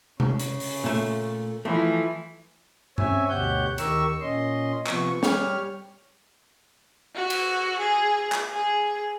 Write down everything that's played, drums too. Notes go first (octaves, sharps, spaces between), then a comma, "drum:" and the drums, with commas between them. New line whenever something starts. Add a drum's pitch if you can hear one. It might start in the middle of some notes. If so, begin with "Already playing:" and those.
C#3, drum: tom C3
drum: hi-hat
drum: open hi-hat
A#2 A3
E3 F3 A3
C4 C#4 C#5 E5 G#5, drum: tom G2
D2 B2 G4 C#5 F#5 G6
D#2 D#3 G4 A#4 C#6 E6, drum: hi-hat
A#2 C#4 D#5 C6
C3 F3 B3 C#6, drum: clap
G3 G4 C#5 F6, drum: snare
F#4
drum: cymbal
G#4
drum: clap
G#4